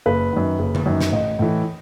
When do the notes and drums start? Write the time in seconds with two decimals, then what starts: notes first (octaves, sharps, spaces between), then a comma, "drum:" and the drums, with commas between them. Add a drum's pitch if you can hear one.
0.06 F#1 B4
0.33 F#2 D#3
0.59 F#1
0.75 drum: tom D3
0.86 F#2 D#3
1.01 drum: snare
1.12 A1 D#5
1.39 A2 E3